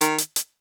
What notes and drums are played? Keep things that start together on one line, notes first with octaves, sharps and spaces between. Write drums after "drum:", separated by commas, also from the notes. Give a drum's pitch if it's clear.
D#3, drum: hi-hat
drum: hi-hat
drum: hi-hat